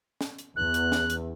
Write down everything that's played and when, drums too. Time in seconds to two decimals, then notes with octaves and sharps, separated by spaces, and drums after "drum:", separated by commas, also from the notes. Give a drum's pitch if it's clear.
0.21 drum: snare
0.38 drum: hi-hat
0.56 E2 F#6
0.74 drum: hi-hat
0.92 drum: snare
1.10 drum: hi-hat